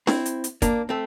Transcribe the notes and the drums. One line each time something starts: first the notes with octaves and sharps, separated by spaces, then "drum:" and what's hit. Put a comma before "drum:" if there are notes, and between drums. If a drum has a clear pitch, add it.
C4 E4, drum: snare D4
drum: hi-hat
drum: hi-hat
A#3 D4, drum: kick, hi-hat
A3 C4